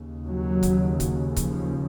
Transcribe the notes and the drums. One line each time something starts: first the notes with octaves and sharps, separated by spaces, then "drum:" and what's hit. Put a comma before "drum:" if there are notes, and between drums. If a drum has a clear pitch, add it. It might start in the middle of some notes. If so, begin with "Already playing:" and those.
Already playing: D#2 C#3
F#3
drum: kick C#1, hi-hat
drum: kick C#1, hi-hat
F3, drum: kick C#1, hi-hat